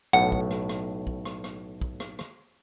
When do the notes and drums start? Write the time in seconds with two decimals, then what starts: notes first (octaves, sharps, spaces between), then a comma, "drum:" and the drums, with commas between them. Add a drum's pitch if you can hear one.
0.13 B1 A2 F#5
0.32 drum: kick
0.51 drum: rim click
0.69 drum: rim click
1.07 drum: kick
1.25 drum: rim click
1.44 drum: rim click
1.81 drum: kick
2.00 drum: rim click
2.19 drum: rim click